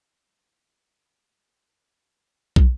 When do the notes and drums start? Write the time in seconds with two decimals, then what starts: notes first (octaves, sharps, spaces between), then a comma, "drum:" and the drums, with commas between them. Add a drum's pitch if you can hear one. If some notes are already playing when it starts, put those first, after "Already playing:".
0.27 F#3 G#3 G#4 E6 A6
0.43 B3 E4 B4 F5
1.03 G4 A4 B5 D#6
1.67 F#2 A#4 A5 B5 C#6
2.05 B1 F#5 G5
2.56 drum: kick